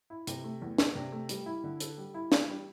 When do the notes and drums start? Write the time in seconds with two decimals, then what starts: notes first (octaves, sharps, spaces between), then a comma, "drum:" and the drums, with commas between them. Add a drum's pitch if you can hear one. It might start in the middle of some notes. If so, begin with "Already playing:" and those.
0.10 E4
0.27 C3, drum: hi-hat
0.44 A3
0.62 E2
0.78 D4, drum: snare
0.95 C3
1.12 A3
1.29 G3, drum: hi-hat
1.46 E4
1.64 D3
1.80 A4, drum: hi-hat
1.97 G3
2.14 E4
2.32 E3, drum: snare
2.49 G3